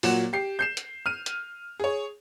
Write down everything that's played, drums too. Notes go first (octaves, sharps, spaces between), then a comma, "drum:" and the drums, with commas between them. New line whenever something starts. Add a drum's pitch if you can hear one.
A#2 F#3 F#5 E7, drum: open hi-hat
G4 C7
G6 C7 E7
drum: hi-hat
F6 D#7
drum: hi-hat
G#4 C#5